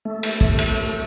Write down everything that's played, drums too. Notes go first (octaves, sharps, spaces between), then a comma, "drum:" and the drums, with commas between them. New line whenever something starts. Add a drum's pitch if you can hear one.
A3
drum: cymbal
drum: kick
drum: cymbal